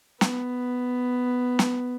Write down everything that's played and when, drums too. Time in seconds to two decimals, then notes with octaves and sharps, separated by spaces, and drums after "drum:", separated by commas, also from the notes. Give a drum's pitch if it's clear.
0.21 B3, drum: snare
1.59 drum: snare